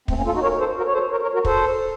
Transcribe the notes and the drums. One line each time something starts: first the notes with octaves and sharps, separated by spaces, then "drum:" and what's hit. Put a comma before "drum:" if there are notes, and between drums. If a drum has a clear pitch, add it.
A3 C4, drum: kick
A#3 C#4
F4 A4
D#4 F#4
A#4 C#5
A4 C5
F#4 A#4
C#5
A4 C5
A#4 C#5
A#4 C#5
F#4 A#4
A4 C5, drum: kick